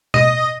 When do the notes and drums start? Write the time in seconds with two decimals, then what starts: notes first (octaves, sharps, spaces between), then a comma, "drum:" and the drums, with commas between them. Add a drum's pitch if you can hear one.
0.14 D#5, drum: tom B2